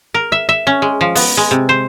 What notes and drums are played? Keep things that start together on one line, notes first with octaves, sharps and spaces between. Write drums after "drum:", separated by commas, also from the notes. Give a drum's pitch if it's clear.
A#4
E5
E5
C#4
G#3
F3
B3, drum: open hi-hat
G#3
C3
C5